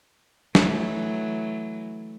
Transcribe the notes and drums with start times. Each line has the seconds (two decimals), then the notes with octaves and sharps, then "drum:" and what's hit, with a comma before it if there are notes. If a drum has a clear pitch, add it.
0.55 E3 F#3 A3, drum: snare